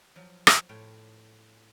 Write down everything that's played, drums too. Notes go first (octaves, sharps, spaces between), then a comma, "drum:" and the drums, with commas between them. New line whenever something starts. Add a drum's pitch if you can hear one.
F3 F#3
drum: rim click
A2 F4 C#5 G5 A5